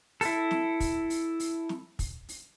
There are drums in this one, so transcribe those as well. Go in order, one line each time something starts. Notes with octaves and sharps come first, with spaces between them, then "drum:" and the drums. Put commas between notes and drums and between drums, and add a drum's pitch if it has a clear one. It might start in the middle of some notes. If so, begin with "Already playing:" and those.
E4 A4, drum: open hi-hat
drum: snare
drum: kick, open hi-hat
drum: open hi-hat
drum: open hi-hat
drum: snare
drum: kick, open hi-hat
drum: open hi-hat